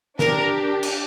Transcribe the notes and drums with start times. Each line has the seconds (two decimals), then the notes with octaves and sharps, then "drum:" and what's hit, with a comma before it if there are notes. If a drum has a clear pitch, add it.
0.19 D4 G4 A#4, drum: snare
0.83 drum: cymbal